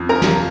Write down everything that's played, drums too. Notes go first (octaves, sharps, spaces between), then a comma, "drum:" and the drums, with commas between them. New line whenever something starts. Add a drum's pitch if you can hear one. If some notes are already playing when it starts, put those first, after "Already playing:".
Already playing: F2 F3
A#4 A#5
drum: snare